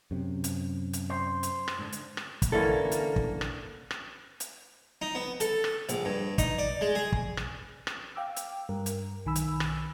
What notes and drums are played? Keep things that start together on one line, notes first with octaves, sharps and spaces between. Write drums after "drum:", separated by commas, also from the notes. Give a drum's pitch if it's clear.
F#2 C3
drum: hi-hat
drum: hi-hat
C5
drum: hi-hat
drum: rim click
G#2 D3
drum: hi-hat
drum: rim click
drum: kick, hi-hat
D3 E3 A#3 C#4 A4
drum: hi-hat
drum: kick
drum: rim click
drum: rim click
drum: hi-hat
D#4
B3
A4, drum: hi-hat
drum: rim click
A#1, drum: hi-hat
G2
D#4, drum: kick, hi-hat
D5
G#3
G#4
drum: kick
drum: rim click
drum: rim click
F5 G5 D6 E6
drum: hi-hat
G2 G3 A#4
drum: hi-hat
B1 D#3 G#5 B5 E6
drum: hi-hat
drum: rim click